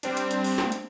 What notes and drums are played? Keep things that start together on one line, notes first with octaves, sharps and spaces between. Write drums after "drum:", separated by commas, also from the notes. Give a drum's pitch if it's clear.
G3 C4 D4, drum: hi-hat
drum: hi-hat
drum: hi-hat
drum: open hi-hat
drum: snare
drum: hi-hat